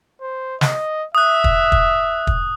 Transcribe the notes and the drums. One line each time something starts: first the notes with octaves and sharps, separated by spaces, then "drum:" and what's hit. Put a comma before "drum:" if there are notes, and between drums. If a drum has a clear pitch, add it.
C5
D#5, drum: snare
E5 D#6 F#6
drum: kick
drum: kick
drum: kick